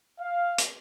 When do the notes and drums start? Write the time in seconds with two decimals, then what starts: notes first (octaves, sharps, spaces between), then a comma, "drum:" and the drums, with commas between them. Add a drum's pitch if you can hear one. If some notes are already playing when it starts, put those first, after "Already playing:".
0.20 F5
0.58 drum: hi-hat